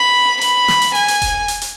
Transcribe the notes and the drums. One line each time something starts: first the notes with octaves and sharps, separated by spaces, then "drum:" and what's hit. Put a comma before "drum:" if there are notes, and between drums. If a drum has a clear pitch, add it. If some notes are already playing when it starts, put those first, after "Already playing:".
Already playing: B5
B5, drum: hi-hat
drum: snare
drum: hi-hat
G#5, drum: open hi-hat
drum: hi-hat
drum: kick E1, hi-hat
drum: hi-hat
drum: hi-hat